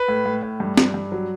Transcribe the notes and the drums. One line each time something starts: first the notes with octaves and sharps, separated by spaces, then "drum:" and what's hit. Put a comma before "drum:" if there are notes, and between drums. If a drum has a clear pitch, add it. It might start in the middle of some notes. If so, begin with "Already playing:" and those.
Already playing: B4
A2
A2
A2
G2
G2, drum: snare
G2
F#3